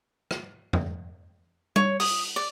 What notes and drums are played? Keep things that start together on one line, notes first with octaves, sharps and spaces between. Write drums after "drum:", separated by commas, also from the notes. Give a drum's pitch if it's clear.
drum: rim click
drum: tom F2
C#5, drum: tom G3
D#6, drum: open hi-hat
D5